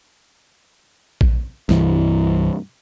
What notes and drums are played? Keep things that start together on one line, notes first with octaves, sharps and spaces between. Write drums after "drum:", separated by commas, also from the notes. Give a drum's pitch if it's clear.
drum: kick
C2 G2 E3, drum: snare